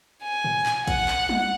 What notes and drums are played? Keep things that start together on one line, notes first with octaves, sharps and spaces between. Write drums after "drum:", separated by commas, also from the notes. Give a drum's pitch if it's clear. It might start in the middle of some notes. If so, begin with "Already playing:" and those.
G#5
drum: tom A2
drum: clap
F#5, drum: kick, hi-hat
drum: clap
drum: tom G3